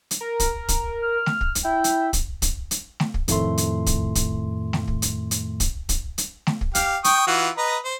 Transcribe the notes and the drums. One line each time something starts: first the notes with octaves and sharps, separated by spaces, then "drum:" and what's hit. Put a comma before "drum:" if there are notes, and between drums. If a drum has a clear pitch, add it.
drum: hi-hat
A#4
drum: kick, hi-hat
drum: kick, hi-hat
F6
drum: snare A3
drum: kick
drum: hi-hat
E4 G5
drum: hi-hat
drum: kick, hi-hat
drum: kick, hi-hat
drum: hi-hat
drum: snare A3
drum: kick
F2 A2 D#3 A3 C6, drum: hi-hat
drum: hi-hat
drum: kick, hi-hat
drum: kick, hi-hat
drum: snare A3
drum: kick
drum: hi-hat
drum: hi-hat
drum: kick, hi-hat
drum: kick, hi-hat
drum: hi-hat
drum: snare A3
drum: kick
G4 F5, drum: hi-hat
G5 C#6 D#6, drum: hi-hat
E3 F4 F#4
B4 D#5 A#5
C5